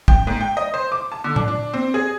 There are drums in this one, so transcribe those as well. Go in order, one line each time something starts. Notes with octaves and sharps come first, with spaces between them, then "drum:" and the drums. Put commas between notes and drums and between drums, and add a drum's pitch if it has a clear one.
G5, drum: kick
G#2
G5
D#5
C5
D6
A5
D3
D4, drum: tom A#2
D4
C4
G#4